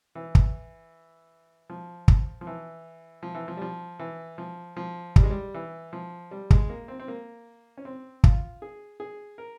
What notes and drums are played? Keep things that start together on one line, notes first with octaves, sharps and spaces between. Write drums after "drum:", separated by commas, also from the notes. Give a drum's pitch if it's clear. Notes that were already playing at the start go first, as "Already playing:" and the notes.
E3
drum: kick
F3
drum: kick
F3
E3
F3
E3
F3
G3
F3
E3
F3
F3
G3, drum: kick
G#3
G3
E3
F3
G3
G#3, drum: kick
A#3
C4
C4
A#3
C#4
C4
F4, drum: kick
G#4
G#4
A#4